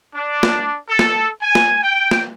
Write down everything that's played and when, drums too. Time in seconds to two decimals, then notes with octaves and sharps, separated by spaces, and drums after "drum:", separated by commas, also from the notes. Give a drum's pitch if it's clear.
0.15 D4
0.43 drum: snare
0.89 A4
0.99 drum: snare
1.42 G#5
1.55 drum: snare
1.82 G5
2.11 drum: snare